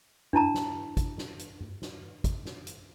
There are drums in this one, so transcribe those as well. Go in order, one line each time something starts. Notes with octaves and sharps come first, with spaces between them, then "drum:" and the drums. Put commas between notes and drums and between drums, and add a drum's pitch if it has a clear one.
D4 E4 A5 A#5, drum: tom G2
drum: snare
drum: kick, hi-hat
drum: snare
drum: hi-hat
drum: tom G2
drum: snare
drum: kick, hi-hat
drum: snare
drum: hi-hat